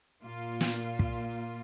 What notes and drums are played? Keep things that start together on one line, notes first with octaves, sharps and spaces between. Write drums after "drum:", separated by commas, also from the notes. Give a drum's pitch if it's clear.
A#2 A#3 F4
drum: snare
drum: kick